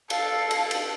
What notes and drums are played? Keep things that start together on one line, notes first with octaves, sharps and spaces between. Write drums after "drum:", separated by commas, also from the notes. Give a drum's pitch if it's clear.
A4 F5, drum: cymbal
drum: cymbal
drum: cymbal